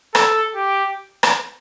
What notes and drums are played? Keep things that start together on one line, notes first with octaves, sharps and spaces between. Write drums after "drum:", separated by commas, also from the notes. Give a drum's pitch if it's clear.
A4, drum: rim click
G4
drum: rim click